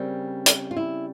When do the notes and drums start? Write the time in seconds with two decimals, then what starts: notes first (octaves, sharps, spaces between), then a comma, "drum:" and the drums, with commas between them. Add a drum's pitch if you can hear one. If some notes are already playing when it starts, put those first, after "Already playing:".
Already playing: C#3 G3 C4 A#4
0.46 drum: hi-hat
0.71 F4
0.77 E4